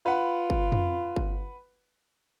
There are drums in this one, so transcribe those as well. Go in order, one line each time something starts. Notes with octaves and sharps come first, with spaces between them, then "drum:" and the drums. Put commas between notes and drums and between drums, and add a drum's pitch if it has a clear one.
F4 B4 F#5 B5
drum: kick G1
drum: tom F2
drum: kick G1